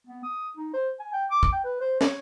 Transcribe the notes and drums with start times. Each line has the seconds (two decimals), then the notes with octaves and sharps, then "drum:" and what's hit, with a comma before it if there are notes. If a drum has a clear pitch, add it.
0.07 B3
0.23 D#6
0.57 D#4
0.74 C5
1.00 G#5
1.13 G5
1.31 D6
1.43 drum: kick
1.53 G5
1.64 B4
1.81 C5
2.01 C#5, drum: snare